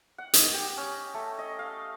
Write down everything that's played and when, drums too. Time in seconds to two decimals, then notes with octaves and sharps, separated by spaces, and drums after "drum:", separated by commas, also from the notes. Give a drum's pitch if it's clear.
0.18 F#5
0.34 D#5, drum: hi-hat
0.54 G4
0.77 C#4
1.14 A3
1.38 D#5
1.59 F5